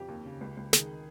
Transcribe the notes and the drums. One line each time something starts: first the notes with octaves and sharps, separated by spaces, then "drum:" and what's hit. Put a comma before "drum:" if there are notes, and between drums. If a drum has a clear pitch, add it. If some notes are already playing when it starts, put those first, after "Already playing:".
Already playing: F2 G4
D#2
C#3
C#2
C#2
D#3 G#4, drum: snare